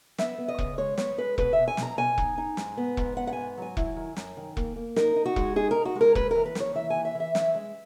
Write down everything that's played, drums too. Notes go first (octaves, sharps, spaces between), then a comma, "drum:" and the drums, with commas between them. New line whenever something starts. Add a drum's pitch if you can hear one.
B3 E5, drum: snare
B3
D#5
C#3, drum: kick E1
G#3 C#5
B3 C#5, drum: snare
G#3 B4
B2 B4, drum: kick E1
E5
B2
G#5
B2, drum: snare
A#5
B2 G#5
D#4, drum: kick E1
D#4
G#2, drum: snare
B3
G#2, drum: kick E1
B3 F#5
F#5
G#2 G#5
F#3 G#5
E4, drum: kick E1
D#3
F#2, drum: snare
D#3
A#3, drum: kick E1
A#3
D#4 A#4, drum: snare
D#4
F#4
G#3, drum: kick E1
D#4 G#4
D#4 A#4
F#4
G#3
A#4
D#2 B4, drum: kick E1
E3 A#4
B4
D#2, drum: snare
C#5
E3 E5
D#2 G#5
E5
E3
E5
C#4 E5, drum: snare
G#3